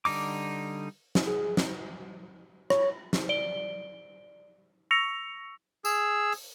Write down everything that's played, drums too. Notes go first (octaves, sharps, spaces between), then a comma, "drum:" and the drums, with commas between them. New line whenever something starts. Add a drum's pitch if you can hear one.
D3 G3 D#4 D6, drum: open hi-hat
drum: snare
G#4
drum: snare
C#5, drum: rim click
drum: snare
D5 D7 G7
C#6 E6 A#6 C#7 F7
G#4 E6, drum: tambourine
drum: open hi-hat